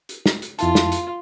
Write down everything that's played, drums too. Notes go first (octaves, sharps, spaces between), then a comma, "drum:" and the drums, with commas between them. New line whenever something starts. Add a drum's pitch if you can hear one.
drum: hi-hat
drum: snare
drum: hi-hat
F2 E4 F4 A5, drum: hi-hat
drum: snare
drum: hi-hat